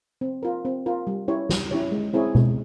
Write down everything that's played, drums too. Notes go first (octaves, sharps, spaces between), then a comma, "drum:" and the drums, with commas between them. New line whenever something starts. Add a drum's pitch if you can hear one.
C4
F4 A#4
C4
F4 A#4
G3
C#4 E4 G4 C#5
G3, drum: snare
C#4 E4 G4 C#5
G#3
C4 E4 G#4 C#5
G#3, drum: tom B2